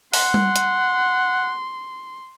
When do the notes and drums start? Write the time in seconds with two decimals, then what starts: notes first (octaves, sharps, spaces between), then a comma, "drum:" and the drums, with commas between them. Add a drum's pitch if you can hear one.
0.14 F#5 C6, drum: open hi-hat
0.34 drum: tom G3
0.56 drum: hi-hat